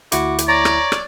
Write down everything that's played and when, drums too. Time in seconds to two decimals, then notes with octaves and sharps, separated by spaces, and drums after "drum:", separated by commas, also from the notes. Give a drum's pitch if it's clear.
0.12 D2 E4 F#4 D6, drum: hi-hat
0.39 drum: hi-hat
0.48 C#5 D5 A#5
0.65 drum: rim click
0.92 drum: rim click